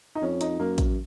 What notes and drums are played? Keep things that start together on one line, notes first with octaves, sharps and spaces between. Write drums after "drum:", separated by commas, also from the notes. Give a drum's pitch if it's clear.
D#4
F2 C#4
D#4, drum: hi-hat
F#2 A#3
drum: kick A1, hi-hat